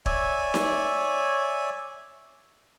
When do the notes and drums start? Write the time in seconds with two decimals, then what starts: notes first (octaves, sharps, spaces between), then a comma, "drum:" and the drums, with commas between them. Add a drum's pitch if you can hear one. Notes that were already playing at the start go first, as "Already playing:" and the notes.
0.06 C#5 D5 E5 G#5, drum: kick
0.54 drum: snare D#4